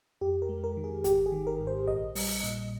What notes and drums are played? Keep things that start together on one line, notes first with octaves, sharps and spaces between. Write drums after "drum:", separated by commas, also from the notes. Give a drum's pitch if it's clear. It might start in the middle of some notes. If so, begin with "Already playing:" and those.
F2 G4
A#4
G#3
A#4
D#3
G#4
G#1 G4, drum: hi-hat
G#4
D#3
A#4
G#2
C5
A#1 D#5
G3, drum: open hi-hat
A#2